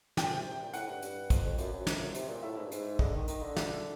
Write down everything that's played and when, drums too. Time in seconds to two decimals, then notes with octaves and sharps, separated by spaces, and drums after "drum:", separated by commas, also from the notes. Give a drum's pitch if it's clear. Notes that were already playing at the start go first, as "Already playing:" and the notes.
0.17 A#2 G5, drum: snare
0.32 C3
0.45 C3
0.61 A#2
0.74 A2 F#5, drum: hi-hat
0.88 G2
1.02 G2, drum: hi-hat
1.30 F2, drum: kick, hi-hat
1.45 F2
1.58 F#2, drum: hi-hat
1.73 F#2
1.87 F2, drum: snare
2.01 F#2
2.15 C3, drum: hi-hat
2.29 A#2
2.43 A2 E5
2.57 G#2
2.65 G2
2.72 G#2, drum: hi-hat
2.99 D3 D#5, drum: kick
3.14 D#3
3.28 D#3, drum: hi-hat
3.42 D3
3.57 E5, drum: snare